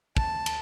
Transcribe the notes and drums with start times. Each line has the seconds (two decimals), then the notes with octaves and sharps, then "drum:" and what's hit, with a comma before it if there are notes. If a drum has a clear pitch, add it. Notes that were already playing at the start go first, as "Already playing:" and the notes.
0.17 A5, drum: kick
0.46 drum: cymbal